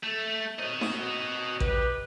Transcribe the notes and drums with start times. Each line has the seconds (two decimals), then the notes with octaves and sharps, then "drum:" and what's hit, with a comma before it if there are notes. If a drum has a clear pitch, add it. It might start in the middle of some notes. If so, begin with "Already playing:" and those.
0.04 A3
0.59 D#3 F#3 C4 F#4 D#5
0.81 drum: snare D#4
1.60 G4 B4, drum: kick